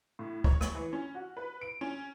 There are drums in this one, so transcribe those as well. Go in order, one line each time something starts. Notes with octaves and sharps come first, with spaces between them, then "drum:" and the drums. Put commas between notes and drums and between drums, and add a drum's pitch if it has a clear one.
A2
C#5, drum: kick
drum: rim click
E3
C#4
F#4
B4
D7
C#4